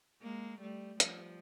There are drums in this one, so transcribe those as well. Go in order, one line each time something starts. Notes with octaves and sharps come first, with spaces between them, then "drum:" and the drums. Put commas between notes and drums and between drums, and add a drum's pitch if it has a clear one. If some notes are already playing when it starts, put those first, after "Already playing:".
G#3 A#3
G3 A3
F3 G3, drum: hi-hat